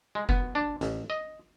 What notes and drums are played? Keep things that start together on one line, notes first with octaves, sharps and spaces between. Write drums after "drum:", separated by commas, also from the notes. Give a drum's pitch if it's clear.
G#3
B3, drum: kick F1
D4
A1, drum: hi-hat
D#5